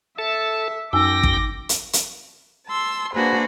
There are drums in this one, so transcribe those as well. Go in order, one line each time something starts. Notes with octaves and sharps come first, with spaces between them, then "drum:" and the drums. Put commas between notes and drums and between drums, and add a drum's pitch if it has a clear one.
A4 E5 A5
F#2 D#4 G5 G#5 D6 E6 A#6
drum: kick
drum: hi-hat
drum: hi-hat
A5 C6 E6
A#3 D4 F#4 G#4 B4 C5